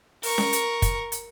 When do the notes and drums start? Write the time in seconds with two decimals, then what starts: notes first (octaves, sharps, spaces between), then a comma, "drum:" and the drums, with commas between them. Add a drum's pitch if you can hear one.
0.23 A#4 C#6, drum: open hi-hat
0.38 drum: snare C#4
0.53 drum: hi-hat
0.82 drum: kick, hi-hat
1.12 drum: hi-hat